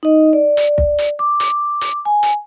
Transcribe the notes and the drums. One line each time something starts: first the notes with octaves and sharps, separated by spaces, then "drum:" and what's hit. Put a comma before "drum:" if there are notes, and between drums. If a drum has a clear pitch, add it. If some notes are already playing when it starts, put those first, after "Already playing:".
D#4 D#5
D5
drum: hi-hat
drum: kick
drum: hi-hat
D6
drum: hi-hat
drum: hi-hat
G#5
drum: hi-hat